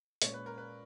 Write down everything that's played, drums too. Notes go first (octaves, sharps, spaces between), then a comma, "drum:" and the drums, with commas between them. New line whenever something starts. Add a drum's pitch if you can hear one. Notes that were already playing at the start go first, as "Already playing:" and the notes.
A#2 G#3 C#4 C#5, drum: hi-hat
B4
A#4
B4